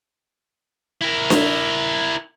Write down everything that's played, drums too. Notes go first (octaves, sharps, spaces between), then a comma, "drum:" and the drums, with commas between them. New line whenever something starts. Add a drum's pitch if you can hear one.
E4 A#4
drum: snare D4